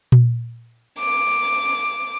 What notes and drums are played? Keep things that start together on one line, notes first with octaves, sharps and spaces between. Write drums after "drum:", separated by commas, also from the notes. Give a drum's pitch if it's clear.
drum: tom A#2
D6